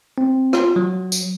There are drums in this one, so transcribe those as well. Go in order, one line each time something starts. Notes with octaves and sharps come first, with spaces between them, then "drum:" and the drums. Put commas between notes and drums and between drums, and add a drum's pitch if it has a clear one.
C4
F4, drum: rim click
F#3
drum: tambourine